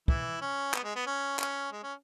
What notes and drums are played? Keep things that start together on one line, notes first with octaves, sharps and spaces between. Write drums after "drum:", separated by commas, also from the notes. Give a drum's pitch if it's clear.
E3 E4, drum: kick
C#4
B3, drum: clap
G#3
B3
C#4
C#4, drum: clap
G#3
C#4